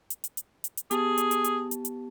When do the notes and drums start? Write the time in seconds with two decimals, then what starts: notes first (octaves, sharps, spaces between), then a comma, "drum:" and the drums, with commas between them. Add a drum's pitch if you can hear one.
0.10 drum: hi-hat
0.24 drum: hi-hat
0.37 drum: hi-hat
0.64 drum: hi-hat
0.77 drum: hi-hat
0.91 B3 G4 G#4 A5, drum: hi-hat
1.18 drum: hi-hat
1.31 drum: hi-hat
1.44 drum: hi-hat
1.71 drum: hi-hat
1.85 drum: hi-hat